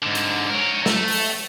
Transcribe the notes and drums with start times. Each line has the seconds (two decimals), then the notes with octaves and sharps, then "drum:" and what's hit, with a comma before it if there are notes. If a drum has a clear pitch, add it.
0.02 G#2 D3
0.15 drum: hi-hat
0.50 A#4 C#5
0.86 A3, drum: snare
1.08 drum: open hi-hat